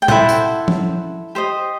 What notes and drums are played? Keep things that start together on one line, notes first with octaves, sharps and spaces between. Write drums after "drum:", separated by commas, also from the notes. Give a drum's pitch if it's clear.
G5
E4 A4 C5 F#5, drum: tom
drum: tambourine
drum: tom
G4 C5 D#5